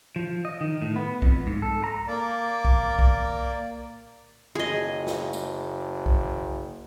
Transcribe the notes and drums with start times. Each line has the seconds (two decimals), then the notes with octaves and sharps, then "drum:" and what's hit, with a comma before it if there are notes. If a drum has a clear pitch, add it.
0.16 F3
0.45 D#5
0.61 D#3
0.82 A2
0.96 B3
1.22 F2, drum: kick B1
1.47 G#2
1.62 A4
1.84 A#5
2.07 A#3 D5
2.65 drum: kick B1
2.99 drum: kick B1
4.55 F#1 G#4 D#5
5.07 drum: snare
5.33 drum: tambourine
6.06 drum: kick B1